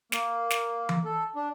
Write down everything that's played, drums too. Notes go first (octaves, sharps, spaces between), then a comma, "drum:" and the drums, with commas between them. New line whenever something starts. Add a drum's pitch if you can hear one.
A#3, drum: snare
drum: snare
drum: tom E3
A4
D4